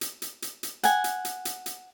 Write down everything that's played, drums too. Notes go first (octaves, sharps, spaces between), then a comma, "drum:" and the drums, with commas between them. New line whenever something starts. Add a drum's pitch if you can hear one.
drum: hi-hat
drum: hi-hat
drum: hi-hat
drum: hi-hat
F#5 G#5, drum: hi-hat
drum: hi-hat
drum: hi-hat
drum: hi-hat
drum: hi-hat